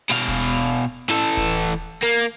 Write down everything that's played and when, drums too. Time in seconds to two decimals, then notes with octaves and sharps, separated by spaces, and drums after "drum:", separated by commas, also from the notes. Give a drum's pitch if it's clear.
0.10 B2 F5
0.28 drum: kick D#1
1.10 E3 A4
1.37 drum: kick D#1
2.03 A#3